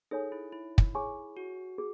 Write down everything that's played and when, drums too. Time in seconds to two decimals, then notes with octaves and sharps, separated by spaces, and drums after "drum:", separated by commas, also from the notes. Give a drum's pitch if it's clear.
0.11 D#4 G#4 A4 C#5 G#5
0.32 E4
0.52 E4
0.78 drum: kick
0.95 G#4 C#5 G#5 C#6
1.37 F#4
1.78 G#4